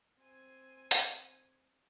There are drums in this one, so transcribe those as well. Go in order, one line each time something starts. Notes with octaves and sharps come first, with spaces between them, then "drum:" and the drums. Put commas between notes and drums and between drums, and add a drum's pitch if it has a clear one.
C4 G#5
drum: open hi-hat